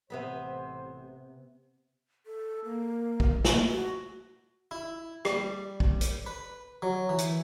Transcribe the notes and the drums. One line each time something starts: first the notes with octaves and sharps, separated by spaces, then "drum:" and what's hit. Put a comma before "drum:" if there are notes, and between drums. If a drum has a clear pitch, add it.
A1 C3 B3 C5 B5
A4
A#3
drum: kick
drum: snare
F#4
E4
G3, drum: rim click
drum: kick
drum: hi-hat
B4
F#3
E3
drum: hi-hat